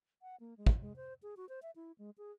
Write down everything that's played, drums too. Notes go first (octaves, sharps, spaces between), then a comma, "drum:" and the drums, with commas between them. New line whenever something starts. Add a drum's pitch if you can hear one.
F#5
A#3
G#3
drum: kick
G#3
C5
G#4
F#4
C5
E5
E4
G#3
G#4